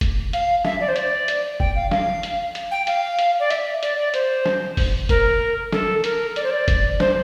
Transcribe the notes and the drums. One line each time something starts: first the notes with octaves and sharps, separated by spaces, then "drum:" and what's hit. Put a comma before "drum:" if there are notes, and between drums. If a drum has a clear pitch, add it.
drum: kick, hi-hat
F5, drum: hi-hat
E5, drum: snare
D5
C5
D5, drum: hi-hat
drum: hi-hat
G5, drum: kick
F5
F5, drum: snare
drum: hi-hat
drum: hi-hat
G5
F5, drum: hi-hat
drum: hi-hat
D5
E5, drum: hi-hat
D5, drum: hi-hat
D5
C5, drum: hi-hat
drum: snare
drum: kick, open hi-hat
A#4, drum: kick, hi-hat
A4, drum: snare
A#4, drum: hi-hat
D5, drum: hi-hat
C5
D5
drum: kick, hi-hat
C5, drum: snare